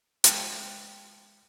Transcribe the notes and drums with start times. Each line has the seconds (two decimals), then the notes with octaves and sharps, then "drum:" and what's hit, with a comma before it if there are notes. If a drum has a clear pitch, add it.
0.24 G#3 G5 A5, drum: hi-hat